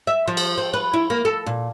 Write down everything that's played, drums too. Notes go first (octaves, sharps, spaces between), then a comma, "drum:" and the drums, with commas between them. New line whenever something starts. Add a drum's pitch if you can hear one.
E5
F3
drum: cymbal
C4
B4
E4
A#3
A4
A#2